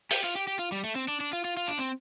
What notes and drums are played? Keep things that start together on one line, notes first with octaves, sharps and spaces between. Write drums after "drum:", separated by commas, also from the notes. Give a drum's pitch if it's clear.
G4, drum: open hi-hat
F4
G4
G4
F4
G3
A3
C4
D4
D4
F4
F4
F4
D4
C4